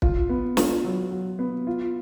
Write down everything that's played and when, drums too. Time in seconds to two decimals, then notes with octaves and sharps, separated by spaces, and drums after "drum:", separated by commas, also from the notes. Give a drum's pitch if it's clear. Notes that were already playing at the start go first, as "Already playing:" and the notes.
0.02 F4, drum: kick
0.29 B3
0.57 F4, drum: snare
0.84 F#3
1.11 F#3
1.39 B3
1.67 F4